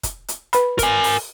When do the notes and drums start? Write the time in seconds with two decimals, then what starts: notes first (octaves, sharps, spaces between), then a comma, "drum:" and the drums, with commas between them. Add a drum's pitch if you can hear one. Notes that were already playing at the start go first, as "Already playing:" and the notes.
0.03 drum: kick, hi-hat
0.28 drum: hi-hat
0.53 B4 B5, drum: hi-hat
0.79 A#4 G#5, drum: kick, hi-hat
1.04 drum: open hi-hat